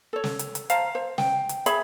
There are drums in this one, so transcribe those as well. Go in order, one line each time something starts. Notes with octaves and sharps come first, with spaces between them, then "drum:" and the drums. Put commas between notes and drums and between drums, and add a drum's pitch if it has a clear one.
A4 C#5
drum: snare
drum: hi-hat
drum: hi-hat
C5 F5 A5 A#5, drum: hi-hat
C5
G5, drum: snare
drum: hi-hat
G#4 C#5 E5 B5, drum: hi-hat